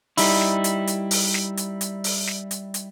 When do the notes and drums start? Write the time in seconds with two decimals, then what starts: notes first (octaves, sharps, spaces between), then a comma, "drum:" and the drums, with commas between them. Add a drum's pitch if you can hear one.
0.17 G3 D#4 E4, drum: open hi-hat
0.41 drum: snare
0.64 drum: hi-hat
0.87 drum: hi-hat
1.11 drum: open hi-hat
1.34 drum: snare
1.57 drum: hi-hat
1.81 drum: hi-hat
2.04 drum: open hi-hat
2.27 drum: snare
2.51 drum: hi-hat
2.74 drum: hi-hat